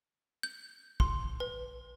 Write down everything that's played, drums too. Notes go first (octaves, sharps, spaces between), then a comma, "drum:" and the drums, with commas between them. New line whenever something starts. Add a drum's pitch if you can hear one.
G6
C6, drum: kick
B4